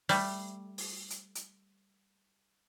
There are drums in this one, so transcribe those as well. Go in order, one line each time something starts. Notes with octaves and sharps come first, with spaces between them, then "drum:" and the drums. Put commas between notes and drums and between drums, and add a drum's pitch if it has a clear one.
G3 A3, drum: open hi-hat
drum: open hi-hat
drum: hi-hat
drum: hi-hat